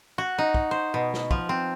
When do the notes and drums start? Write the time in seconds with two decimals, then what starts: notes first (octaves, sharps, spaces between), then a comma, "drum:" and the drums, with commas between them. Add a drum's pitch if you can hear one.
0.18 F#4
0.38 D#4
0.54 drum: kick
0.71 C5
0.94 B2
1.14 drum: snare
1.31 F3, drum: kick
1.49 C4